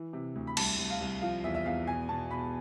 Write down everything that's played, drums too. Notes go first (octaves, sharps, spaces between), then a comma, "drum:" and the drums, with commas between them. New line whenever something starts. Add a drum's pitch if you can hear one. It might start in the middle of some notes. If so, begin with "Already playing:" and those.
Already playing: E3
C3
D2
B5
C2 A5, drum: cymbal
C2
F5
C2
F3 F5
E2 E5
E5
E2 F5
B2 G#5
B2 A5
B2 B5